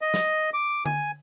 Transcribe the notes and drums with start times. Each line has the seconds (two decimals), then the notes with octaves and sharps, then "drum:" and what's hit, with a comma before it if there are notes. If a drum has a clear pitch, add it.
0.01 D#5
0.14 drum: snare
0.54 D6
0.86 G#5, drum: tom D3